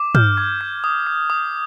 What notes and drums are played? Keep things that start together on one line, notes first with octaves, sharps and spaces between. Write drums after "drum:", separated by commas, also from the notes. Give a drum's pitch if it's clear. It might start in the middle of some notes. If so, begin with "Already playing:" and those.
Already playing: D6
F6 G6, drum: tom
D6 G#6
G6
D#6
G6
D#6